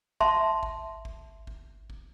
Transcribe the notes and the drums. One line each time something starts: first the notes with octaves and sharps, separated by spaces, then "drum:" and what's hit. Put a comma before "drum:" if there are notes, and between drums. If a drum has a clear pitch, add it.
E5 A5 C6, drum: kick
drum: kick
drum: kick
drum: kick
drum: kick